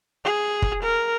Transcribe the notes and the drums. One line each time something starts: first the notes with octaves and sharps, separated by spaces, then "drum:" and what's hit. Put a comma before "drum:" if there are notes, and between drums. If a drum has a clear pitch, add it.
G#4
drum: kick
A#4